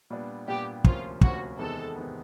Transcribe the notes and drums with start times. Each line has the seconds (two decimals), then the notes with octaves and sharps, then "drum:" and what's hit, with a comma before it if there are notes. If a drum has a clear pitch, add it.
0.10 A#2 G3 B3 D4
0.47 A#2 G3 B3 D4 G4
0.84 D2 C3 F3 A#3 C#4 F4, drum: kick
1.21 D2 C3 F3 A#3 C#4 F#4, drum: kick
1.58 E2 C3 D#3 G#3 B3 A4
1.96 C3 D#3 G#3 B3